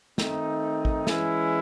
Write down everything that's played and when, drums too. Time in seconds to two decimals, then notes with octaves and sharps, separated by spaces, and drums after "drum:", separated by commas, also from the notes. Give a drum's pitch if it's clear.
0.18 D#3 A3 C4 D#4, drum: snare
0.85 drum: kick
1.07 E3 G#3 C#4 E4, drum: snare